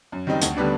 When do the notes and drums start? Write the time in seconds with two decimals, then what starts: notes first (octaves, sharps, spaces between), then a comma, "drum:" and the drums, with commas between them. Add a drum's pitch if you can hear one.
0.12 F#2
0.27 D#3 G3 C4 D#4
0.41 D2, drum: hi-hat
0.56 D3 G3 B3 D4